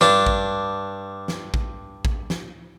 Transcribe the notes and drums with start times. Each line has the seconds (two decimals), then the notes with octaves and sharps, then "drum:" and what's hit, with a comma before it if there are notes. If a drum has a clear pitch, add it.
0.01 G2 D4, drum: snare
0.27 drum: kick A1
1.28 drum: snare
1.54 drum: kick A1
2.05 drum: kick A1
2.30 drum: snare